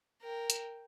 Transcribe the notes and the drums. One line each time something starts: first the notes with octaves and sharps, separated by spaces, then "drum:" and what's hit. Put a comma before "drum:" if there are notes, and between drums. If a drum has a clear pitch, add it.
A#4 G5
drum: hi-hat